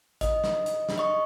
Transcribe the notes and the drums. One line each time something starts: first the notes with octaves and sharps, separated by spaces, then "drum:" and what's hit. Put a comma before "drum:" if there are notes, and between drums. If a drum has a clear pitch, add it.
D#5, drum: kick, hi-hat
drum: snare
drum: hi-hat
drum: snare
D#5 C#6